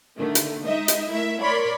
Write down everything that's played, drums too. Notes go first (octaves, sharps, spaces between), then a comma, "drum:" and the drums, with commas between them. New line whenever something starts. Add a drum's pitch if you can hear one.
D3 D#3 A3
drum: hi-hat
G#3 D#4 D#5 E5
drum: hi-hat
A3 E4 A#4 E5
A#4 C#5 D5 B5 C6